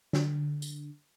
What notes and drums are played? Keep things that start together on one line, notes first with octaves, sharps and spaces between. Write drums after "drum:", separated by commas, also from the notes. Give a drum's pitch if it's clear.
D3, drum: snare
drum: tambourine